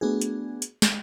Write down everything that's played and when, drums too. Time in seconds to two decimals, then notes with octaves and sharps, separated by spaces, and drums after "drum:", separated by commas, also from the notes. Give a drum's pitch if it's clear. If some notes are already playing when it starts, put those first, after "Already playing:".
0.01 A3 B3 D4 F#4 G#4
0.21 drum: hi-hat
0.62 drum: hi-hat
0.82 drum: snare